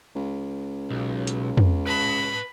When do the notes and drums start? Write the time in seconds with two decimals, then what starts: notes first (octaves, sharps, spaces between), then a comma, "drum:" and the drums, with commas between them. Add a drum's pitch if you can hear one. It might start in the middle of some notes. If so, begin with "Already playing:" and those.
0.15 C#2
0.90 B1
1.27 drum: hi-hat
1.57 drum: tom
1.87 B4 A5 B5